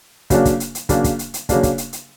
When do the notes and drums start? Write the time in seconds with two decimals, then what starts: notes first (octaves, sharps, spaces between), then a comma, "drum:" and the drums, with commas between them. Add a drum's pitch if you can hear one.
0.30 C#3 F#3 A#3 D4, drum: kick, hi-hat
0.45 drum: kick, hi-hat
0.60 drum: hi-hat
0.75 drum: hi-hat
0.89 C#3 F#3 A#3 D4, drum: kick, hi-hat
1.04 drum: kick, hi-hat
1.19 drum: hi-hat
1.34 drum: hi-hat
1.49 C#3 F#3 A#3 D4, drum: kick, hi-hat
1.63 drum: kick, hi-hat
1.78 drum: hi-hat
1.93 drum: hi-hat